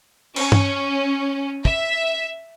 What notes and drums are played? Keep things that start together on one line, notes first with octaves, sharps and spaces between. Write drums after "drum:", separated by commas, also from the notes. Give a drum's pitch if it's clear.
C#4, drum: cymbal
drum: tom G2
E5, drum: kick